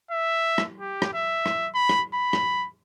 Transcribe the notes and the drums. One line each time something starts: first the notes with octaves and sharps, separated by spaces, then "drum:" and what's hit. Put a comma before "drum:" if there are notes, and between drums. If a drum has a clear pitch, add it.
E5
drum: rim click
G4
drum: rim click
E5
drum: rim click
B5
drum: rim click
B5
drum: rim click